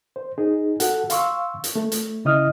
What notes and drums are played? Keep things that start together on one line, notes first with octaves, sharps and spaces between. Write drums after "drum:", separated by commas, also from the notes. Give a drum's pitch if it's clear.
C5
D#4 G#4
F#4 A4 F#5, drum: hi-hat
F5 C6 C#6 E6, drum: hi-hat
drum: hi-hat
A3
drum: hi-hat
C#3 E4 D#5 D#6 F6